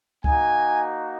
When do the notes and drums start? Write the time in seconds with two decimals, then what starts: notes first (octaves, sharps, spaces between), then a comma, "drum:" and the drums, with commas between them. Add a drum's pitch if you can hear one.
0.24 A#3 D#4 F#4 G#5, drum: kick C#2